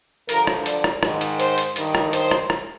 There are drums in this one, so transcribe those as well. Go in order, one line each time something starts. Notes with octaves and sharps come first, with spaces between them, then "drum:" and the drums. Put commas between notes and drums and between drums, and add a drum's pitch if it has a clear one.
G2 D3 F3 A#4, drum: hi-hat
drum: rim click
D5, drum: hi-hat
drum: rim click
G#2 D#3, drum: rim click
drum: hi-hat
C5, drum: hi-hat
drum: hi-hat
G2 D#3, drum: hi-hat
drum: rim click
C5, drum: hi-hat
drum: rim click
drum: rim click